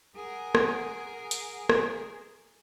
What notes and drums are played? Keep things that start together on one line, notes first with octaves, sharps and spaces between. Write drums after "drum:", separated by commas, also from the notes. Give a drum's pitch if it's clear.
G#4 A#4 F#5
drum: rim click
drum: hi-hat
drum: rim click